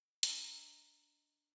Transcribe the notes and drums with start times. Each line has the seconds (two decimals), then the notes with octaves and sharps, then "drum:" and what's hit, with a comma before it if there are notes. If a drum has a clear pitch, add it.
0.23 D4 D#5 A#5 E6, drum: hi-hat